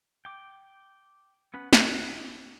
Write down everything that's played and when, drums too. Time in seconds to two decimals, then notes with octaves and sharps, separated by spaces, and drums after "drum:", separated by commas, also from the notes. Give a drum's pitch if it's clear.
0.25 G5 D6
1.54 B3 C#4 B4
1.73 F#6, drum: snare